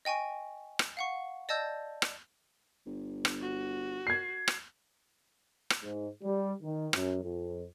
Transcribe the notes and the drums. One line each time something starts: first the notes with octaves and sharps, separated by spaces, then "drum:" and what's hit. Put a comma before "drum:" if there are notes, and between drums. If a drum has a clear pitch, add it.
D#5 G5 G#5 C#6
drum: rim click
F5 F#5 C#6
D5 D#5 A5 E6 G6
drum: rim click
G1
drum: rim click
F#4
G#6 C7
drum: rim click
drum: rim click
G#2
G3
D#3
F#2, drum: rim click
F2